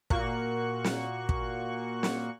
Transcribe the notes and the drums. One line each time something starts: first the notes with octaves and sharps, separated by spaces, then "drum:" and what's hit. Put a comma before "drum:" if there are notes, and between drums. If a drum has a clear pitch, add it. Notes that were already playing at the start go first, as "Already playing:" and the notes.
A#2 A#3 F#4 C#6 F#6, drum: kick
drum: snare
drum: kick
drum: snare